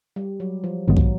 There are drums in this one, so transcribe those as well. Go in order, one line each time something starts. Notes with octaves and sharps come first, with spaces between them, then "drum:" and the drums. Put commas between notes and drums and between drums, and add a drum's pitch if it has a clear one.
G3
F#3
F3
A1 G#2 D#3 F#3 G#3 B3
drum: kick